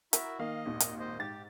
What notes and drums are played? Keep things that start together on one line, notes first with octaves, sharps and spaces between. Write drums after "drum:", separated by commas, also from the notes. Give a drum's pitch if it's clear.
E4 F#4 A#4 E5, drum: hi-hat
D#3 A#3 D#5 F5
G#1 D#2 A#2
drum: hi-hat
C5 D#5
G#2 G4 A6